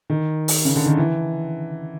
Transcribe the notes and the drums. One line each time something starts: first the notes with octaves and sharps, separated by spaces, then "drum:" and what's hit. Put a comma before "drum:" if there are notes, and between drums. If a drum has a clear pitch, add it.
D#3
drum: open hi-hat
C#3
D3
D#3
E3